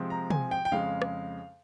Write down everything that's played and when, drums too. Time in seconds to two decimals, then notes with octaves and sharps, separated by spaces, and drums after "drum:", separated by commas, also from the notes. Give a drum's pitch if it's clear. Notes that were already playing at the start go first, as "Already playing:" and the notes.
Already playing: C3 F3 G#3 C4
0.10 A#5
0.30 G#5, drum: tom
0.51 G5
0.65 G5
0.72 F2 C#3 G#3 F5
1.02 drum: rim click